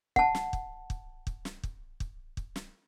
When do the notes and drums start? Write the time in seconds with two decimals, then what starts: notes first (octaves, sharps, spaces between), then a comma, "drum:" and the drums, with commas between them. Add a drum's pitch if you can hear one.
0.16 F#5 A5, drum: kick
0.35 drum: snare
0.53 drum: kick
0.90 drum: kick
1.27 drum: kick
1.45 drum: snare
1.63 drum: kick
2.00 drum: kick
2.37 drum: kick
2.56 drum: snare